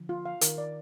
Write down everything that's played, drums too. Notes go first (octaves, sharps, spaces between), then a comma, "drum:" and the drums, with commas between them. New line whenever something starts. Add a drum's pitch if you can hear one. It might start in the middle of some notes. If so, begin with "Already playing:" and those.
Already playing: D3 F3
F4
F5
D#3 A#4, drum: hi-hat
D5